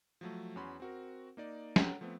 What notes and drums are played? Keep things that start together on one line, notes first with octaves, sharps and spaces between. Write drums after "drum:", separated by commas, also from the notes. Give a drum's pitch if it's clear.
F3 F#3 A3
E2 C#4 F#4 B5 C6
C4 F#4 A#4
A#3 D#4 D5
A4 C#5 F#5 G5 A#5, drum: snare
F3 A3 B3 C4